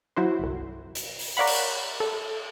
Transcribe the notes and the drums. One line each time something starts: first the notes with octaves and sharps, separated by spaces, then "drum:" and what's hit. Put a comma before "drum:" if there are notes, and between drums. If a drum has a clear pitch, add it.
F#3 E4 F#4 C5
G1 C2
drum: hi-hat
drum: open hi-hat
A#4 C#5 D5 F5 F#5 B5
drum: cymbal
A4